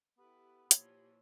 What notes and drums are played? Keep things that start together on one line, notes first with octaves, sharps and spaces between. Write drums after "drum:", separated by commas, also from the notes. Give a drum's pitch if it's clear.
B3 E4 G4 A4 B4
A#2 E3 F3 C#5, drum: hi-hat